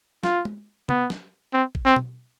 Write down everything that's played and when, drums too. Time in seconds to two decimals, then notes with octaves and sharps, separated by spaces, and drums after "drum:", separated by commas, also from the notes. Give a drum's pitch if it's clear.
0.23 F4, drum: snare
0.45 drum: tom
0.89 B3, drum: tom
1.10 drum: snare
1.53 C4
1.75 drum: kick A1
1.85 C4
1.96 drum: tom B2